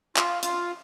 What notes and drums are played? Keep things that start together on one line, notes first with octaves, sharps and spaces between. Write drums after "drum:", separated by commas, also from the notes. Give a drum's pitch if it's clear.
F4, drum: clap
F4, drum: hi-hat